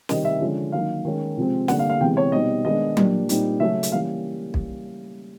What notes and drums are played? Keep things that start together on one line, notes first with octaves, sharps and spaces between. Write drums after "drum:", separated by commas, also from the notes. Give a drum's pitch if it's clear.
C3 D#3 G3 C4 D#4 D#5, drum: snare
E5
D3 F3 G#3 C#4
D#3 F#3 A#3 D#4 F5
D#3 G#3 C#4
C3 F3 G#3 C4
D3 G3 A#3 F#5, drum: snare
F5
F5
C3 E3 G#3 B3 G5
C#5
B2 G3 C4 D#4 D#5
D#3 G#3 B3 D4 D#5
A#2 G3 A#3 D4, drum: tom F#3
A#2 G3 C4 D#4, drum: hi-hat
C#3 F#3 A3 C#4 E5
drum: hi-hat
E3 G3 A#3 C#4 F5
drum: kick B1